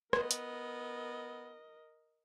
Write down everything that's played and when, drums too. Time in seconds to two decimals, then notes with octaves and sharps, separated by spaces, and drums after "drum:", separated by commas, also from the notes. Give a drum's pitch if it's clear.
0.13 B3 A#4 D#5, drum: rim click
0.31 drum: hi-hat